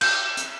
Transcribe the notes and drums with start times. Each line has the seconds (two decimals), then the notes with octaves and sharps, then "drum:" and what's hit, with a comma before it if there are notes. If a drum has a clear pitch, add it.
0.01 G6, drum: cymbal
0.37 drum: hi-hat